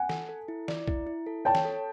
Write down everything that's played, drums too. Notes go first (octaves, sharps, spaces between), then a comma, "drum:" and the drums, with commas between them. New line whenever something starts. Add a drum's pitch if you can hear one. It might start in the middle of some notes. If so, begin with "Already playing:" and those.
Already playing: F#5 G#5
A4, drum: snare
A4
E4
D5, drum: snare
E4, drum: kick
E4
A4
C#5 G5 A5
drum: snare
A4